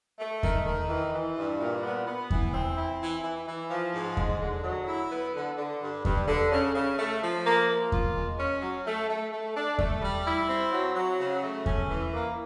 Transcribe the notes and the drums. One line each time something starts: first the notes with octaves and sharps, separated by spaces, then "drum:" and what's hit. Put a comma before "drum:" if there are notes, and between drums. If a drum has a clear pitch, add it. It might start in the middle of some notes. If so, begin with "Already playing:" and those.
A3
D#3, drum: kick E2
D#3
E3
E3
G2
A#2
B3
B3
E3, drum: kick E2
C4
E4
E3
E3
E3
F3
G#2
G#3, drum: kick E2
D3
F#3
E4
B3
D3
D3
G2
G2, drum: kick E2
D3
C#3
C#3
A3
F3
A#3
A#3
F4, drum: kick E2
G#3
C#4
F#3
A3
A3
A3
D4
A3, drum: kick E2
G3
E4
C4
F#3
F#3
C#3
A3
C#4, drum: kick E2
E3
A#3